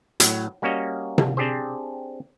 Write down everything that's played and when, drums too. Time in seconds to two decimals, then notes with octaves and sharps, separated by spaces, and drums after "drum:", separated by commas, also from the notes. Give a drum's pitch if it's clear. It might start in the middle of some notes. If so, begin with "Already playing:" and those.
0.20 A2 F#3, drum: hi-hat
0.62 G3 A#3 C#4 F#4 C#5 D#5
1.18 drum: tom C3
1.37 C4 D4 G4 G#4 C5